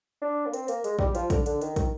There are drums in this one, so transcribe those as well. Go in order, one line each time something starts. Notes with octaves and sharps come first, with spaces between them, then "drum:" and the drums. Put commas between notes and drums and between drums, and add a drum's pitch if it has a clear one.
D4
A#3
C4, drum: hi-hat
A#3, drum: hi-hat
G#3, drum: hi-hat
G3, drum: kick
F3, drum: hi-hat
D3, drum: kick, hi-hat
D3, drum: hi-hat
D#3, drum: hi-hat
D#3, drum: kick, hi-hat